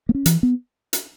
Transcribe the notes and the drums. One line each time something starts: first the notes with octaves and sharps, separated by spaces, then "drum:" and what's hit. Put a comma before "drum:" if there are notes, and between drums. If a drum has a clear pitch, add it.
A#3
C#4
E3, drum: hi-hat
B3
drum: hi-hat